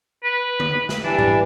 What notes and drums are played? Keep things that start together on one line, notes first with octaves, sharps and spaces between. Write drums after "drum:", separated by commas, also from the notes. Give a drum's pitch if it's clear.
B4
drum: tom D3
drum: snare
E3 G3 D4
drum: tom G#2